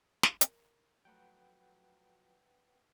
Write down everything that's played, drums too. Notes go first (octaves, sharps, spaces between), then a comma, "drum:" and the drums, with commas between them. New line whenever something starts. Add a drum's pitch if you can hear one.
drum: snare
A#4, drum: hi-hat
F3 F#3 A3 B4 F#5 G5